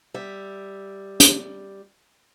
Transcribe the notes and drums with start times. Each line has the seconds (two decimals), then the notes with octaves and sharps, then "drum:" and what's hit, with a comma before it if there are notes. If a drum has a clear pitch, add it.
0.14 G3 E5
1.20 drum: hi-hat